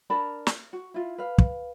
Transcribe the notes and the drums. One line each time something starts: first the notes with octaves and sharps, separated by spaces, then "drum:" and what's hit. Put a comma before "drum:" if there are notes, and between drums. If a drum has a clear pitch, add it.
D4 A#4 A5 B5
drum: snare
F#4
E4 F4
B4 F5
drum: kick